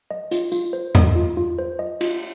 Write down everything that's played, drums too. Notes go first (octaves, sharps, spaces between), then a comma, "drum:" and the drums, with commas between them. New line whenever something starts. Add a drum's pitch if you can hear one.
D#5
F4, drum: hi-hat
F4, drum: tambourine
C5
D#5, drum: tom E2
F4
F4
C5
D#5
F4, drum: cymbal